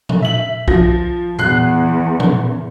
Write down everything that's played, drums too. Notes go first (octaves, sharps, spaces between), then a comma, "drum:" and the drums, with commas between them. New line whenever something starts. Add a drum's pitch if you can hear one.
drum: tom A#2
E5 F#7
F3 A#6, drum: kick B1
E2 B3 F#6 C7, drum: tom A#2
drum: tom A#2